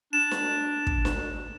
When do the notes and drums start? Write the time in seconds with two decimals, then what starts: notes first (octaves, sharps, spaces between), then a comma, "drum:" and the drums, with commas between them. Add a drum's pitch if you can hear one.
0.13 D4 E7
0.31 drum: snare D4
0.87 drum: kick
1.05 drum: snare D4